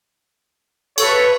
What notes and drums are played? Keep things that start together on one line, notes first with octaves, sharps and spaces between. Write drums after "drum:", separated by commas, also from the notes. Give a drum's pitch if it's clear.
A4 B4 C#5 C#6, drum: cymbal